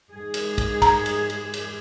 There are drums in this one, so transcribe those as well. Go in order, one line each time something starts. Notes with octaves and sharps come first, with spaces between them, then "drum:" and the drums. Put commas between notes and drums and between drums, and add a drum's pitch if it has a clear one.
G#2 G#4
drum: cymbal
drum: kick, cymbal
A#5, drum: kick, cymbal
drum: cymbal
drum: cymbal
drum: cymbal